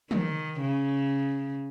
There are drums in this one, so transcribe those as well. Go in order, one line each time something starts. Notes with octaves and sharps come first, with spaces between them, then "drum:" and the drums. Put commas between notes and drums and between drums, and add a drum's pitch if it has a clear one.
D#3, drum: tom
C#3